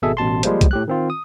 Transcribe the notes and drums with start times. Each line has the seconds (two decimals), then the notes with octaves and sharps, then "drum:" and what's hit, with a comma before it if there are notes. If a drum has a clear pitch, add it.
0.02 G#1 B2 G#4 A4 E5
0.17 A1 B2 A5 C6
0.43 F3 G3 G#3 A#3 C5, drum: hi-hat
0.61 drum: kick, hi-hat
0.71 A2 G4 F#6
0.88 D#3 C4 F4
1.10 D#6